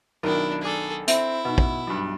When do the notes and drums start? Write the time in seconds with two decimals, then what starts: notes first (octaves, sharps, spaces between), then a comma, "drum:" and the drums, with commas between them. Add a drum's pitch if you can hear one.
0.23 B1 D#3 C#4 D4 E4 A#4 A5
0.62 G#4 A4 D5 D6
1.08 C4 E4 E5, drum: hi-hat
1.45 B2 D#4 B4
1.58 drum: kick
1.87 B1 G2